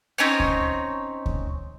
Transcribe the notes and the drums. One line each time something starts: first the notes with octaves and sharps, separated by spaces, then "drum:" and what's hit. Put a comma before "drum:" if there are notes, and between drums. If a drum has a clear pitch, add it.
C4 C#4 D#4 C#5
drum: kick D2
drum: kick D2